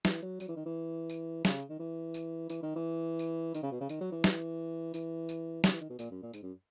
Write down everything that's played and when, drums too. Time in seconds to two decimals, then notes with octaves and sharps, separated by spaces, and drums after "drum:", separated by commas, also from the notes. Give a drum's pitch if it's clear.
0.05 E3, drum: snare
0.22 F#3
0.40 F#3, drum: tambourine
0.49 E3
0.57 D#3
0.66 E3
1.09 drum: tambourine
1.45 C#3, drum: snare
1.70 D#3
1.79 E3
2.14 drum: tambourine
2.50 E3, drum: tambourine
2.63 D#3
2.76 E3
3.19 drum: tambourine
3.55 D#3, drum: tambourine
3.63 C#3
3.71 B2
3.81 C#3
3.89 D#3, drum: tambourine
4.01 F#3
4.12 E3
4.24 drum: snare
4.94 E3, drum: tambourine
5.29 drum: tambourine
5.64 C#3, drum: snare
5.73 E3
5.81 D#3
5.90 B2
5.99 A#2, drum: tambourine
6.11 F#2
6.22 A#2
6.33 G#2, drum: tambourine
6.43 F#2